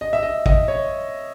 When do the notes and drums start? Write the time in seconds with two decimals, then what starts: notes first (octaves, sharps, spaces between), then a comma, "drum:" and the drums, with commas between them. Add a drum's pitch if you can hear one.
0.01 D#5
0.13 E5
0.23 D#5
0.46 D#5, drum: kick
0.68 C#5